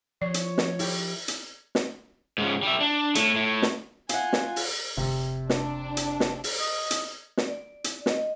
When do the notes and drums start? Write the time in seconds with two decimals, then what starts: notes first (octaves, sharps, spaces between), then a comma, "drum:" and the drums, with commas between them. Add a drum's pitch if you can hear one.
0.22 F3 C#5 D5
0.34 drum: hi-hat
0.58 drum: snare
0.79 E4 G4, drum: open hi-hat
1.28 drum: hi-hat
1.75 drum: snare
2.38 G#2 C#3
2.63 G3 E5
2.81 D4
3.15 A2 A3, drum: hi-hat
3.36 A2
3.62 drum: snare
4.09 F4 F#5 G#5, drum: hi-hat
4.33 drum: snare
4.56 drum: open hi-hat
4.97 F1 C3
5.49 D4, drum: snare
5.97 drum: hi-hat
6.20 drum: snare
6.44 drum: open hi-hat
6.60 D#5
6.91 drum: hi-hat
7.37 drum: snare
7.48 D5
7.84 drum: hi-hat
8.06 D#5, drum: snare